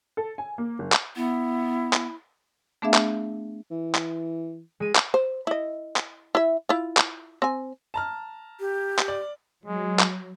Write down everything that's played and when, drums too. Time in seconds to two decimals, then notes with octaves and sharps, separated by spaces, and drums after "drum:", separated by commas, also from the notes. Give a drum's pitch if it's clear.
0.17 A4
0.38 G#5
0.58 A#3
0.79 F#1
0.92 drum: clap
1.16 B3 E4
1.93 drum: clap
2.82 A3 B3 D4 G#4 E5 F5
2.94 drum: clap
3.71 E3
3.95 drum: clap
4.80 G#3 D#7
4.95 drum: clap
5.14 C5
5.47 E4 D#5
5.96 drum: clap
6.35 E4 E5
6.69 E4 F4
6.97 drum: clap
7.42 C4 G#5
7.94 A5 A#5 F6
8.60 G4
8.99 drum: clap
9.08 D5
9.66 F#3 G#3
9.99 drum: clap